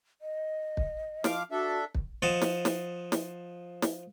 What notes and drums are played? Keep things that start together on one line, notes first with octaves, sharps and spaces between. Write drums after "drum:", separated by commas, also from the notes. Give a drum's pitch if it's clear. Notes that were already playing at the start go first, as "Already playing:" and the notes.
D#5
drum: kick
F3 F5 D6, drum: snare
D4 F#4 A4 E5
drum: kick
F3 D#5 F#5 A5
drum: snare
drum: snare
drum: snare
drum: snare